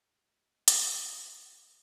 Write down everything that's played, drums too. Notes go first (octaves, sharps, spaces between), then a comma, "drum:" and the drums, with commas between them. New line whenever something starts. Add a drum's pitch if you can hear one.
A2 F#4
D#5
A3 F#5
D#5
G3 G5, drum: hi-hat
C4 F#5
G3 A#4
A#3